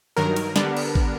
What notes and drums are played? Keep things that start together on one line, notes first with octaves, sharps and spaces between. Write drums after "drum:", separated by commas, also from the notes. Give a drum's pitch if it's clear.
G2 D#3 F#3 A#4
drum: cymbal
D3 G3 B3 D4, drum: snare
drum: cymbal
drum: kick A1